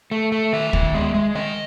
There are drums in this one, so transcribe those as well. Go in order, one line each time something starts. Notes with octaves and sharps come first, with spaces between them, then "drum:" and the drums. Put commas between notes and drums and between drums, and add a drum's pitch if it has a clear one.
A3
A3
D#3 E5
D#3, drum: kick D2
G#3
G#3
D#3 D#5